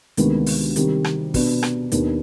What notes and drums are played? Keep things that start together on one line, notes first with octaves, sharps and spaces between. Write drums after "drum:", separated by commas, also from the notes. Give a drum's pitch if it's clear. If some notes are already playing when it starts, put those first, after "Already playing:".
D2 C3 D#3 G#3 B3, drum: hi-hat
drum: open hi-hat
C3 D#3 G3, drum: hi-hat
drum: rim click
B2 B3 D4, drum: kick, open hi-hat
drum: rim click
D#2 D#3 B3 D4, drum: hi-hat